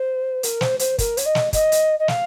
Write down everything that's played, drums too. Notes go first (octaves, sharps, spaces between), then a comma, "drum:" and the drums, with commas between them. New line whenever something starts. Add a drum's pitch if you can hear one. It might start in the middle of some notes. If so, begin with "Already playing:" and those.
Already playing: C5
A#4, drum: hi-hat
C5, drum: snare
C5, drum: hi-hat
A#4, drum: kick, hi-hat
C#5, drum: hi-hat
D#5
drum: snare
D#5, drum: kick, hi-hat
drum: hi-hat
D#5
F5, drum: snare